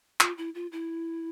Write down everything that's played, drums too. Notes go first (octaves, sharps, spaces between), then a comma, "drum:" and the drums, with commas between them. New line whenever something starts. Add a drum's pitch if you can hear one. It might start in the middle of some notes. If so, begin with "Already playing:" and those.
F4, drum: clap
E4
F4
E4